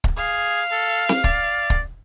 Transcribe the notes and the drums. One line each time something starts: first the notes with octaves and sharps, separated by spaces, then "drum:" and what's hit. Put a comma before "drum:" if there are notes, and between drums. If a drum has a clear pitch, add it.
drum: kick
G#4 F5
A4
drum: snare C4
D5, drum: kick
drum: kick